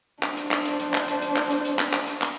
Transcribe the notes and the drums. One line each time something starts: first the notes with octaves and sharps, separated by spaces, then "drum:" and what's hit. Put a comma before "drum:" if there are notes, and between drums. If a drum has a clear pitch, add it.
D4 C5, drum: clap
drum: hi-hat
drum: clap
drum: hi-hat
drum: hi-hat
drum: clap
drum: hi-hat
drum: hi-hat
drum: clap
drum: hi-hat
drum: hi-hat
drum: clap
drum: clap
drum: hi-hat
drum: clap